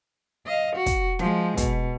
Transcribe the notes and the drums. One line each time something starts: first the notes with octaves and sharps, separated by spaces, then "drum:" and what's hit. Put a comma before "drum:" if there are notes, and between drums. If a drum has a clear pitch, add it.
D#5 F5
F#4
drum: kick, hi-hat
F3 G#3, drum: snare
B2, drum: kick, hi-hat